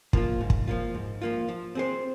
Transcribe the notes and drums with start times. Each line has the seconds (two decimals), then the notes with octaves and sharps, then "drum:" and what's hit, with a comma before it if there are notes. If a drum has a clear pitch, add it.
0.13 F3 A#3 F4, drum: kick
0.41 G#2
0.50 drum: kick
0.68 F3 A#3 F4
0.95 G#2
1.22 F3 A#3 F4
1.48 F3
1.75 C4 G#4 C5